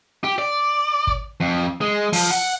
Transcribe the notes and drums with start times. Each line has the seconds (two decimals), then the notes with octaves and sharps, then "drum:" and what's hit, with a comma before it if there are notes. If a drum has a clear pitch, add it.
0.24 G4
0.38 D5
1.07 drum: kick
1.40 F2
1.81 G#3
2.13 F3, drum: open hi-hat
2.31 F#5